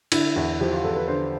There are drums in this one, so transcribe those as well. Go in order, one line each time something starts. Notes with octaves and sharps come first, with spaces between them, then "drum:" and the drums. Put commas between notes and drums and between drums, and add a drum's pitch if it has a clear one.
D3 E4, drum: cymbal
E2 E4
F3 G4
F4
E2 A4
B4
D3 C5